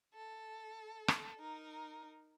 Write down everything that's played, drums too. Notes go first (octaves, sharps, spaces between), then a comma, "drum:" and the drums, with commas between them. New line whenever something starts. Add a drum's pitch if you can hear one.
A4
drum: rim click
D#4 A#4